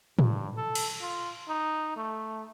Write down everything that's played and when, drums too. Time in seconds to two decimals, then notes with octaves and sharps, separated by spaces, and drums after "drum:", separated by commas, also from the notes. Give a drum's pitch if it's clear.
0.19 G2, drum: tom A2
0.57 A4
0.75 drum: cymbal
1.01 F4
1.48 D#4
1.96 A3